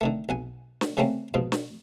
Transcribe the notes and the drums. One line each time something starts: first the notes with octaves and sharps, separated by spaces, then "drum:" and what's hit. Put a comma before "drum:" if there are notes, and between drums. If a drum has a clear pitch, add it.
D3 D#3 A3
B1 F#5 G#5
drum: snare
C#3 G3 A3 A#3 C4 C#4
G#2 B2 F3
drum: snare